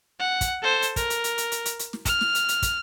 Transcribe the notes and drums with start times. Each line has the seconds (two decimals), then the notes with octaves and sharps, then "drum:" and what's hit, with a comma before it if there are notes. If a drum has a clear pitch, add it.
0.19 F#5
0.41 drum: kick, hi-hat
0.62 A4 C5
0.82 drum: hi-hat
0.96 A#4, drum: kick, hi-hat
1.10 drum: hi-hat
1.24 drum: hi-hat
1.38 drum: hi-hat
1.52 drum: hi-hat
1.65 drum: hi-hat
1.79 drum: hi-hat
1.93 drum: snare
2.05 F6, drum: kick, hi-hat
2.21 drum: snare
2.35 drum: hi-hat
2.49 drum: hi-hat
2.62 drum: kick, hi-hat